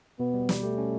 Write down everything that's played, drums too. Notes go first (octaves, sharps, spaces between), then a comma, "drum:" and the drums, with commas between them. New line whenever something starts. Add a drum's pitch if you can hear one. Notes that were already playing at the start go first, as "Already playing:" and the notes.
B2 B3
G3
G3, drum: snare
A3 G4
C#4